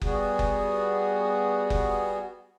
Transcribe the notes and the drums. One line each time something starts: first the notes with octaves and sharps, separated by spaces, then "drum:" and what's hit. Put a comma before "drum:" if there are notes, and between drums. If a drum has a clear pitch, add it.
G3 B3 F#4 G#4, drum: kick F#1
drum: kick F#1
drum: kick F#1